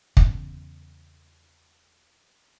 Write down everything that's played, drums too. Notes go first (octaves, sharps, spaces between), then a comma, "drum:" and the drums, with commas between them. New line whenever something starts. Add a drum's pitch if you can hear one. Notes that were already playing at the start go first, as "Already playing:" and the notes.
E2 C#3, drum: kick